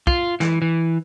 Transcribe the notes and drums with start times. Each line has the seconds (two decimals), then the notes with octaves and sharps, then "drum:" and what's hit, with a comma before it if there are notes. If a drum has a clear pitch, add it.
0.07 F4, drum: kick
0.40 E3, drum: snare
0.62 E3